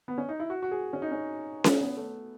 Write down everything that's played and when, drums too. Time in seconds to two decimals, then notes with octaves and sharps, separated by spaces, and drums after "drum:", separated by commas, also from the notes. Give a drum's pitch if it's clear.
0.08 B3
0.18 C#4
0.29 D#4
0.40 E4
0.50 F#4
0.62 F#4
0.71 G#4
0.93 C#4
1.02 D#4
1.11 C#4
1.64 drum: snare C#4
1.81 B3
1.97 A3